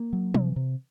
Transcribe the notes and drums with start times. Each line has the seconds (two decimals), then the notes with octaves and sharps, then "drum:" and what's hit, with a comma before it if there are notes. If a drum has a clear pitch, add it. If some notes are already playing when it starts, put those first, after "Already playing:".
Already playing: A#3
0.13 F#3
0.34 C3, drum: tom
0.56 C3